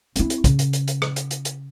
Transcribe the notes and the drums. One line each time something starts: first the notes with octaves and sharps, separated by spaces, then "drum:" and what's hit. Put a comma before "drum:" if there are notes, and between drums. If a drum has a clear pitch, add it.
C4 E4, drum: hi-hat
drum: hi-hat
C#3, drum: kick, hi-hat
drum: hi-hat
drum: hi-hat
drum: hi-hat
drum: rim click
drum: hi-hat
drum: hi-hat
drum: hi-hat